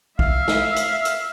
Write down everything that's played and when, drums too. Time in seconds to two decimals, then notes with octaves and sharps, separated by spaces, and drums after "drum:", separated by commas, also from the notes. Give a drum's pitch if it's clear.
0.19 E5 F5, drum: kick A#1
0.48 drum: snare
0.76 drum: hi-hat
1.05 drum: hi-hat